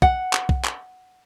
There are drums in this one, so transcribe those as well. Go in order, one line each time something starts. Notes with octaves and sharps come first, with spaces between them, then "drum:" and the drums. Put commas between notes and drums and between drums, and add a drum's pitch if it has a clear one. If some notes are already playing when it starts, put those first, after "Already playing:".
F#5, drum: kick
drum: clap
drum: kick
drum: clap